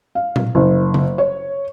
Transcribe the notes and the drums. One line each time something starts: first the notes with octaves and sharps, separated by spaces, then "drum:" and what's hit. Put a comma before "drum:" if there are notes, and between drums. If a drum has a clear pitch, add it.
F5
drum: tom A#2
F#1
drum: tom C#3
C#5